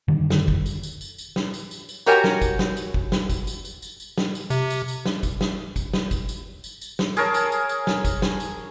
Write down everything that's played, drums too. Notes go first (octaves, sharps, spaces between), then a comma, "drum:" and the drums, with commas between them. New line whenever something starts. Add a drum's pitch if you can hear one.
F#2 D3 D#3 G3
drum: snare
drum: kick
drum: tambourine
drum: tambourine
drum: tambourine
drum: tambourine
drum: snare
drum: tambourine
drum: tambourine
drum: tambourine
F#4 G4 A#4 C#5 F#5 G#5, drum: tambourine
drum: snare
drum: kick, tambourine
drum: snare
drum: tambourine
drum: kick
drum: snare
drum: kick, tambourine
drum: tambourine
drum: tambourine
drum: tambourine
drum: tambourine
drum: snare
drum: tambourine
C3, drum: tambourine
drum: tambourine
drum: tambourine
drum: snare
drum: kick, tambourine
drum: snare
drum: kick, tambourine
drum: snare
drum: kick, tambourine
drum: tambourine
drum: tambourine
drum: tambourine
drum: snare
G#4 A#4 C#5 A5, drum: tambourine
drum: tambourine
drum: tambourine
drum: tambourine
drum: snare
drum: kick, tambourine
drum: snare
drum: tambourine